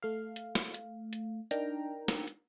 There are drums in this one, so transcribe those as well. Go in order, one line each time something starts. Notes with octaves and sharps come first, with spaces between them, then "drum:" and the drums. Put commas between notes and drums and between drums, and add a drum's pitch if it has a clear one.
A3 F5
drum: hi-hat
drum: snare
drum: hi-hat
drum: hi-hat
D4 D#4 A#4 G5 A#5, drum: hi-hat
drum: snare
drum: hi-hat